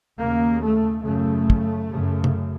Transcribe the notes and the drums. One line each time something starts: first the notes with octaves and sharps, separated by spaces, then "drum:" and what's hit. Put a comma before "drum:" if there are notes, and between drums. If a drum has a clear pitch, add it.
D#2 C#3 A#3
A3
F#2 C#3 A3
drum: kick
F#2 C#3
drum: tom C3